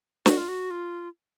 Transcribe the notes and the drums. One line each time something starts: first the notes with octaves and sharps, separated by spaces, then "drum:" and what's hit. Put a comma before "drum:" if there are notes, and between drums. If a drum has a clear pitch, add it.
F#4, drum: snare
F4
F#4
F4